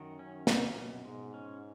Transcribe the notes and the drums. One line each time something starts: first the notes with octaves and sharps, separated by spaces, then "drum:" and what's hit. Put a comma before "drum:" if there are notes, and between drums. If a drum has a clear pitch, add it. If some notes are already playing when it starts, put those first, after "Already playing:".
Already playing: F#2 D#3 F#4
C#4
B2, drum: snare
B2
G#2 G#3
C#4